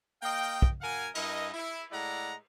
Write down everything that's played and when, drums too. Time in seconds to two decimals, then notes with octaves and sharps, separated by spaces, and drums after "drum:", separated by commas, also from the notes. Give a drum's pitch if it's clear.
0.23 A#3 D#5 F5 G5
0.62 drum: kick
0.82 F#2 A#4 F5 F#5 G#5
1.15 G2 E4 A#4 D#5, drum: cymbal
1.54 E4
1.91 A2 G#3 E4 D5 F#5 A#5